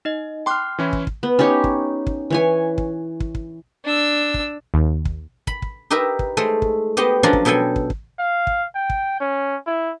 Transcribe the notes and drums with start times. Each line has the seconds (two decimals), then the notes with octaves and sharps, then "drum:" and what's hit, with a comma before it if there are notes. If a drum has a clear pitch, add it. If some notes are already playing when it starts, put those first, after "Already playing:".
0.05 D#4 D#5
0.46 G5 C6 D6 F6 F#6
0.78 E3 C#4 E4
0.93 drum: kick
1.07 drum: kick
1.23 B3
1.39 C#4 D#4 G4 C#5
1.64 drum: kick
2.07 drum: kick
2.30 E3 C#5 G#5
2.78 drum: kick
3.20 drum: kick
3.35 drum: kick
3.85 D4 E6
4.34 drum: kick
4.74 D#2
5.05 drum: kick
5.47 B5, drum: kick
5.62 drum: kick
5.91 D#4 G4 A#4 B4 E5
6.19 drum: kick
6.37 G#3 A3 C5
6.62 drum: kick
6.97 B3 G4 C5 D#5
7.23 F3 F#3 C#4 D4 F4 A#4
7.33 drum: kick
7.45 B2 F#3 A4 G5 G#5
7.76 drum: kick
7.90 drum: kick
8.19 F5
8.47 drum: kick
8.75 G5
8.90 drum: kick
9.21 C#4
9.67 E4